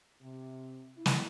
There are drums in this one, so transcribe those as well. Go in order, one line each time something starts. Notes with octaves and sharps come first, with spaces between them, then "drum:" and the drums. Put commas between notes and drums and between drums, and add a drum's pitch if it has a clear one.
C3
E4
drum: snare